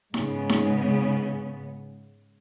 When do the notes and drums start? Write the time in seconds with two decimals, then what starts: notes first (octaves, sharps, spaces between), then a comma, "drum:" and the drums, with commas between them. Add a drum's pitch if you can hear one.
0.14 G#2 C#3 B3, drum: snare D#4
0.49 drum: snare D#4